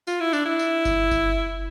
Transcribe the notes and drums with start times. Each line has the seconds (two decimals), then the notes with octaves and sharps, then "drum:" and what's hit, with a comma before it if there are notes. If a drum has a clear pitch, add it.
0.07 F4, drum: tambourine
0.20 E4
0.33 D4, drum: tambourine
0.45 E4
0.59 drum: tambourine
0.85 drum: kick G1, tambourine
1.11 drum: kick G1, tambourine